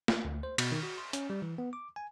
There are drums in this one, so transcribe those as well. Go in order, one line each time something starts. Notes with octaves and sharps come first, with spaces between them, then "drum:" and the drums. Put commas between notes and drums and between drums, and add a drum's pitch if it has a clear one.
drum: snare
D2
C5
B2, drum: cymbal
D#3
F#4
C6
C#4, drum: hi-hat
G3
E3
B3
D6
G#5